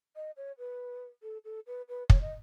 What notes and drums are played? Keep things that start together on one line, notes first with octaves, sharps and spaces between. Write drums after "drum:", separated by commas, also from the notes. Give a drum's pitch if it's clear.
D#5
C#5
B4
A4
A4
B4
B4
C#5, drum: kick
D#5